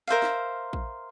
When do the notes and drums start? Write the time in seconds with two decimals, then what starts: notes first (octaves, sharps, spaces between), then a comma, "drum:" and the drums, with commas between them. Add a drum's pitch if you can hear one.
0.07 A#4 C5 E5 F5
0.22 drum: snare
0.73 drum: kick